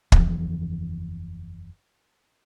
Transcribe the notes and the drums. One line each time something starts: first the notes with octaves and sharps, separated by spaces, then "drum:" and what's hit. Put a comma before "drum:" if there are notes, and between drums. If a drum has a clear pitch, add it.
F#1 E2 E3 F3, drum: kick